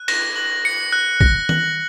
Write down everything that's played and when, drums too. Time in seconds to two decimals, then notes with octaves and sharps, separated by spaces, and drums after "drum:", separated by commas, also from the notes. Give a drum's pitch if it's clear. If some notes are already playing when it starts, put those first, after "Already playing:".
Already playing: F#6
0.08 A#6, drum: cymbal
0.36 F#7
0.65 C#7
0.92 F#6
1.21 A#6, drum: kick
1.49 F#7, drum: tom D#3